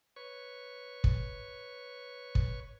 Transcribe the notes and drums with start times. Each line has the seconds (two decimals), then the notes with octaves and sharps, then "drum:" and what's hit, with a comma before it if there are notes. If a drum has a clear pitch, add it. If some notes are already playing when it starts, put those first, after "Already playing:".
0.16 B4 C#5 C#6
1.04 drum: kick
2.35 drum: kick